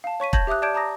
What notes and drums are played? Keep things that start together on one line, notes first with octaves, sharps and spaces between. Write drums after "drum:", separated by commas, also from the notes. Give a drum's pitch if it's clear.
F5 A5
C#5 C#6 B6 D#7
A5 G6 G#6 A#6 F#7, drum: kick
G4 E5 D6 D#6 F#6
D5 A5 D6 G6 G#6 D7
A5 A#5 D6 D#6 A#6